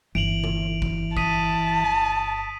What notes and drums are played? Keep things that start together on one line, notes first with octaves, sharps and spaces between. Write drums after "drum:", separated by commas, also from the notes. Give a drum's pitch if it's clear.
G1 E3 D7 F7 F#7
drum: tom C#3
drum: kick G#1
A5 D#6 B6 D#7, drum: kick G#1